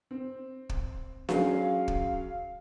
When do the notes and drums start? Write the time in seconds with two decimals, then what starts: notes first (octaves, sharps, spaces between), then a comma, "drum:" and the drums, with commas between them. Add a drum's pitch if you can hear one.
0.11 C4
0.69 drum: kick
1.29 F#3 G#3 C#4 F5, drum: snare D4
1.88 drum: kick